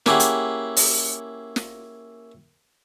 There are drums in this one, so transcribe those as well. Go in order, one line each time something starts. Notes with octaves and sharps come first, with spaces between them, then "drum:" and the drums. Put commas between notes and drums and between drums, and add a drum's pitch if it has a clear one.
A#3 C#4 E4 G4 G#4 F#5, drum: snare
drum: hi-hat
drum: open hi-hat
drum: snare